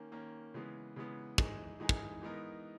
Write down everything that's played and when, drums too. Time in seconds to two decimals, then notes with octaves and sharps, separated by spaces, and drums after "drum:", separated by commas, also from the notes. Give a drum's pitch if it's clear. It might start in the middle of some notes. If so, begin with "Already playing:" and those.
Already playing: D#3 A#3 C#4
0.12 D#3 A#3 C#4
0.54 C#3 E3 G#3 B3
0.96 C#3 E3 G#3 B3
1.38 E3 G#3 D#4 G#4, drum: kick
1.80 E3 G#3 D#4 G#4
1.89 drum: kick
2.22 E3 G#3 B3 D#4 A#4